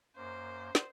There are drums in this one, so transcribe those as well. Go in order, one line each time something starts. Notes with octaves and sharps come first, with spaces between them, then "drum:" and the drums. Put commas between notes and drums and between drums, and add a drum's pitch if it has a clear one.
F#2 A#3 C5
drum: snare